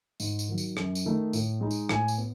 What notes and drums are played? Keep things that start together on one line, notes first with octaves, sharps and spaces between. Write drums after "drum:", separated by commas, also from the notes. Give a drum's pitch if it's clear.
G#2, drum: tambourine
drum: tambourine
D#3 F#3
drum: tambourine
F#2, drum: rim click
drum: tambourine
D#3 A3 D#4
A2, drum: tambourine
G#3 D#4
drum: tambourine
A2 G#5, drum: rim click
drum: tambourine
B3